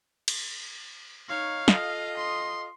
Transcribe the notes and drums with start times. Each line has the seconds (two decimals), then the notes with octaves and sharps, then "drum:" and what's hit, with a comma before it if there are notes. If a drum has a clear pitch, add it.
0.28 drum: cymbal
1.29 D#4 C#5 F5
1.68 F4 A4 D#5, drum: snare
2.18 C6